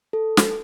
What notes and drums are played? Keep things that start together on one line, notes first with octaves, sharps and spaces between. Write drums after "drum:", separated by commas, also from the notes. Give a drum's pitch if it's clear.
A4
drum: snare